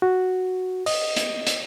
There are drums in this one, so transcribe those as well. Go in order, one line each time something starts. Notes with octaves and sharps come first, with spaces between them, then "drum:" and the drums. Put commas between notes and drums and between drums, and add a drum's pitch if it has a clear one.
F#4
D#5, drum: open hi-hat
drum: hi-hat
drum: hi-hat